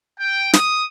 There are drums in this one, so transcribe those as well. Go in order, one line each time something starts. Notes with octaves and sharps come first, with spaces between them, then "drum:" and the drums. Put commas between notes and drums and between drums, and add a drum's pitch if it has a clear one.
G5
D#6, drum: snare